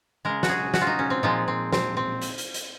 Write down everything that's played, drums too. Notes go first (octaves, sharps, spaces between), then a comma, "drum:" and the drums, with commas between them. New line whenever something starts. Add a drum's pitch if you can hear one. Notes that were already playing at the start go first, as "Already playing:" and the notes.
C#3 G#3 A#4
F#4, drum: snare
G#4
F#4, drum: snare
F4
D#4
C#4
C4
A#2 F3 G#3 D#4
C4
C4, drum: snare
C4
drum: hi-hat
drum: hi-hat
drum: hi-hat